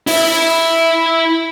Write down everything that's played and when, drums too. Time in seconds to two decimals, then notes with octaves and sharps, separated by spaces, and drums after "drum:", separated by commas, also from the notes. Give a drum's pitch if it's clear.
0.07 E4 E5, drum: open hi-hat